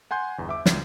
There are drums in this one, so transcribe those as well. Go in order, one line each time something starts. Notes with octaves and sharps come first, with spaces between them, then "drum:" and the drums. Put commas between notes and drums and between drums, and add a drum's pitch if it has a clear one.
F#5 G#5 C6 G6
G1 E2
E5 D6
C#2, drum: snare